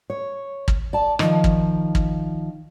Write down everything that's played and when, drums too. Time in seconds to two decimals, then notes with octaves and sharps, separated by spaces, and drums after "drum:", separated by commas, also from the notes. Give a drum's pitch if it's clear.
0.10 C#5
0.68 drum: kick
0.93 D5 A5
1.19 D#3 F3, drum: rim click
1.44 drum: kick
1.95 drum: kick